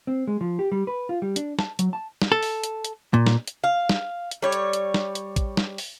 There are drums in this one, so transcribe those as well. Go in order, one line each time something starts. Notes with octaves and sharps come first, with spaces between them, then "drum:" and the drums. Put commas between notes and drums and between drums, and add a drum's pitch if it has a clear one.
C4
G#3
F3
G4
G3
B4
F4
G3
D4, drum: hi-hat
A5, drum: snare
F#3, drum: hi-hat
A5
drum: snare
A4
drum: open hi-hat
drum: hi-hat
drum: hi-hat
A#2
drum: snare
drum: hi-hat
F5
drum: snare
drum: hi-hat
G3 C#5
drum: hi-hat
drum: hi-hat
drum: snare
drum: hi-hat
drum: kick A1, hi-hat
drum: snare
drum: open hi-hat